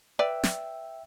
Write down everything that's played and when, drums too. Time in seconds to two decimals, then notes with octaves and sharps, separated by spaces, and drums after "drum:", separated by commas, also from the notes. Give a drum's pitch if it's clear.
0.19 B4 D5 E5 G5 E6
0.43 drum: snare